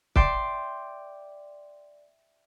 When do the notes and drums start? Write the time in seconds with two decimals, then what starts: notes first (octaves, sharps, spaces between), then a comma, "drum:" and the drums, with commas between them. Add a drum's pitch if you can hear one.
0.16 D5 E5 G5 C6, drum: kick